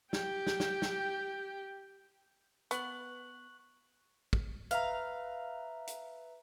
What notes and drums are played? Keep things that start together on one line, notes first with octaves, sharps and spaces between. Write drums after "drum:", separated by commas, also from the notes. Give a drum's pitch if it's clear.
G4 G5, drum: snare
drum: snare
drum: snare
drum: snare
B3 C#6 F#6 F#7, drum: hi-hat
drum: kick
B4 E5 F5 A#5, drum: hi-hat
drum: hi-hat